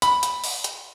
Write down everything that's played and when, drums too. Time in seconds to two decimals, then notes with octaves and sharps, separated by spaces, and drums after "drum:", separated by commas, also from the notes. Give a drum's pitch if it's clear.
0.02 B5, drum: hi-hat
0.23 drum: hi-hat
0.44 drum: open hi-hat
0.64 drum: hi-hat